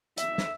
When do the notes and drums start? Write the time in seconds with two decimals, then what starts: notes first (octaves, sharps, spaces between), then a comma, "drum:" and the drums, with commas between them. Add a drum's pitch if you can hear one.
0.17 E5, drum: hi-hat
0.38 drum: snare